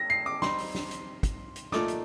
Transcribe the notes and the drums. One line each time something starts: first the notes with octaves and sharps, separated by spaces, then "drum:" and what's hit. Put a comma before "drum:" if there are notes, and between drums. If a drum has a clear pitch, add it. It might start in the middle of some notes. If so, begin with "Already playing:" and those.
Already playing: A#6
C7
D6
G3 C4 D#4 C6, drum: snare
drum: open hi-hat
drum: snare
drum: hi-hat
drum: kick, hi-hat
drum: hi-hat
A#2 A3 D#4 A4 D6, drum: snare
drum: hi-hat